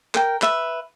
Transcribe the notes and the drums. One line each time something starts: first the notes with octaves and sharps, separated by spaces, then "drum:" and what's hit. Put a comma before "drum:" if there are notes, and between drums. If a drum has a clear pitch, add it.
A#4 G5, drum: clap
B4 E5, drum: clap